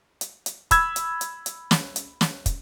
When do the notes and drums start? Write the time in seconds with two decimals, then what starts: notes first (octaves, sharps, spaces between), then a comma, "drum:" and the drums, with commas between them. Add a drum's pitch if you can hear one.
0.21 drum: hi-hat
0.46 drum: hi-hat
0.71 B5 E6 G#6, drum: kick, hi-hat
0.96 drum: hi-hat
1.21 drum: hi-hat
1.46 drum: hi-hat
1.71 drum: snare
1.96 drum: hi-hat
2.21 drum: snare
2.46 drum: kick, hi-hat